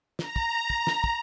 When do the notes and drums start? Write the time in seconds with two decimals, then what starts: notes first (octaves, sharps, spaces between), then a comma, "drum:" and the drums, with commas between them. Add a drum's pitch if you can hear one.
0.19 A#5, drum: snare
0.36 drum: kick
0.70 drum: kick
0.87 drum: snare
1.04 drum: kick